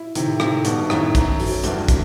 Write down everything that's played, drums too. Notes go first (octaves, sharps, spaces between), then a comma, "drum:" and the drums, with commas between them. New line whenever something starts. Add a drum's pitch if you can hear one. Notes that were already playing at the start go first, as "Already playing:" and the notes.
Already playing: E4
A2 C3 D#3, drum: hi-hat
A2 C3 D#3, drum: rim click
G2 B2 B3, drum: hi-hat
F#2 A2 D#3, drum: rim click
F#2 A3, drum: kick, hi-hat
F#3, drum: open hi-hat
E2 G2 A3, drum: hi-hat
C3, drum: kick, hi-hat